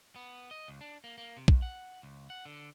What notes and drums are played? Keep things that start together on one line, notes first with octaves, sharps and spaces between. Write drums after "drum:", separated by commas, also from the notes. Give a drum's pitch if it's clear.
B3
D#5
C#2
D4
A#3
A#3
C3
F2, drum: kick
F#5
C#2
F#5
D3